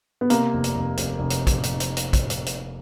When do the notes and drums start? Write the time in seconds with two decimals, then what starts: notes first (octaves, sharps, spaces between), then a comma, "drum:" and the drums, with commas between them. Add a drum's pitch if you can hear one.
0.21 B3
0.30 C3 A#3, drum: hi-hat
0.53 F1
0.64 drum: hi-hat
0.75 F1
0.97 F1, drum: hi-hat
1.19 F1
1.30 drum: hi-hat
1.47 drum: kick, hi-hat
1.63 drum: hi-hat
1.80 drum: hi-hat
1.97 drum: hi-hat
2.13 drum: kick, hi-hat
2.30 drum: hi-hat
2.46 drum: hi-hat